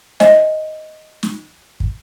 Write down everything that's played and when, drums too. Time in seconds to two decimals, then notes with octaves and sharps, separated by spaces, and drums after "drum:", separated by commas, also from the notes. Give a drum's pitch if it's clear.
0.20 C5 D#5 E5 G#5, drum: snare
1.23 drum: snare
1.80 drum: kick